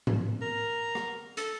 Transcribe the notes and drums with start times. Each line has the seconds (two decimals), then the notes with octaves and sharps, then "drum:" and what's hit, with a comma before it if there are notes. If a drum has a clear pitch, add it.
0.07 drum: tom G#2
0.42 A#4
0.95 drum: rim click
1.37 A4, drum: hi-hat